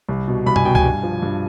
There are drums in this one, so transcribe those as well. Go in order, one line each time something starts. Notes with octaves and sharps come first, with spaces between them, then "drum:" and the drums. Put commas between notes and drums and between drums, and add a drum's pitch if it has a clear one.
C2
B2
C2 B5
G#5, drum: tom F#2
B2 G5
G#5, drum: kick C#2
G2
F3
G2